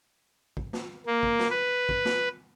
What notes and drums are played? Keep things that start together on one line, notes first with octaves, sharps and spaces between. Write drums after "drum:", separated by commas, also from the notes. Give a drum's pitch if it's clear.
drum: kick
drum: snare
A#3
drum: kick
drum: snare
B4
drum: kick
drum: snare